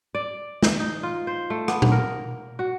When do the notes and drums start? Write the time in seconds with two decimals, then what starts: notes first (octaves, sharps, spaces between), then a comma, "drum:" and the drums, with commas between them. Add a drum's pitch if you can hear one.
0.15 D5
0.63 drum: snare
0.80 D#4
1.03 F4
1.27 C5
1.50 A3
1.68 B3, drum: rim click
1.82 drum: tom A#2
1.92 A#4
2.59 F#4